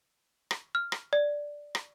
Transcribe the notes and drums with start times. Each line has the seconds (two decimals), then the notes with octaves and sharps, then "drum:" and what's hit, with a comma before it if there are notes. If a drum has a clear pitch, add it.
0.51 drum: rim click
0.75 F6
0.92 drum: rim click
1.13 D5
1.75 drum: rim click